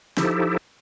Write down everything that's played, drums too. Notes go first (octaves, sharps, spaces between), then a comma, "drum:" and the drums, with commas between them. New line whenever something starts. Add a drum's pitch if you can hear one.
F3 D#4 E4 G4 A4, drum: snare